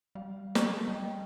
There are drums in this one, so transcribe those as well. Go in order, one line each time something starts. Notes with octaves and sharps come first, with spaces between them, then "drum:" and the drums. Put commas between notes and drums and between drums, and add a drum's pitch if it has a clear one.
G3 F5
drum: snare
G3 D#5 G5 A5